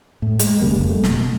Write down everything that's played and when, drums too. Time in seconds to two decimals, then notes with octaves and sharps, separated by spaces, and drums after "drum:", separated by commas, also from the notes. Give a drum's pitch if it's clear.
0.22 A2
0.39 G#3, drum: hi-hat
0.61 D1 C#3 G3 A#3
0.76 F#1 F2
0.90 A3
1.04 B2, drum: snare